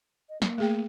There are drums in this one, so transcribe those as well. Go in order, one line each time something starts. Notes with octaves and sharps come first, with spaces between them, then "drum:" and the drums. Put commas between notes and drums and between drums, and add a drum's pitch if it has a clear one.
D#5
A#3, drum: snare
A3 G#4 G5